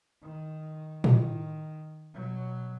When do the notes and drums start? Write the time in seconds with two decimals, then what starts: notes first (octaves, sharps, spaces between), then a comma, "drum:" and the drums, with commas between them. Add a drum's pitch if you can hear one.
0.22 D#3
1.04 D#3, drum: tom
2.14 B2 F#3